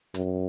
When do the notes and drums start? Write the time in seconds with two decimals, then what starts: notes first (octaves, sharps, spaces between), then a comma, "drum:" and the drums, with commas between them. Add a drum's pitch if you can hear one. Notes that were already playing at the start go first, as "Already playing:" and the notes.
0.14 F#2, drum: hi-hat